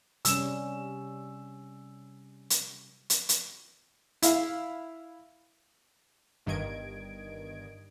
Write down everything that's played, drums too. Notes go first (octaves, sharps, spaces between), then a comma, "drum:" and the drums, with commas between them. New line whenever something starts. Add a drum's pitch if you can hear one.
C3 G3 C#4 E6 E7, drum: hi-hat
drum: hi-hat
drum: hi-hat
drum: hi-hat
E4 F5, drum: hi-hat
G1 G2 D#3 D#5 G#6 D7